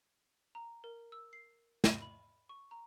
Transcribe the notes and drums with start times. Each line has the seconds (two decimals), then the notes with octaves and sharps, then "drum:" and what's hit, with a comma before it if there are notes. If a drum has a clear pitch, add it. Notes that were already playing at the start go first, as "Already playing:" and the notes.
0.55 A#5
0.84 A#4
1.12 E6
1.33 C7
1.84 B5, drum: snare
2.02 B5
2.49 C#6
2.71 A#5